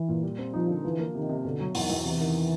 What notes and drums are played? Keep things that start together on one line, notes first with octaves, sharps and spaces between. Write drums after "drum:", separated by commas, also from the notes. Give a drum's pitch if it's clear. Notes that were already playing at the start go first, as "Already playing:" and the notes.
Already playing: E3
A#2
G3
C4
F3 D#4
D3
E3 F3
A#3
C3 D#3
C3
B2 D3
F#3
E2 D#3, drum: open hi-hat
E2
C3 E3
D#3